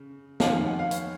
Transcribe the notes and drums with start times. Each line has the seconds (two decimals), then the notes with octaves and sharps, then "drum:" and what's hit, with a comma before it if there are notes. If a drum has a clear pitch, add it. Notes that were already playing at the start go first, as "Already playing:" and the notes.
Already playing: C#3
0.40 F2 D#3 F5, drum: snare
0.53 G#5
0.67 F#5
0.79 F5
0.91 C#5, drum: hi-hat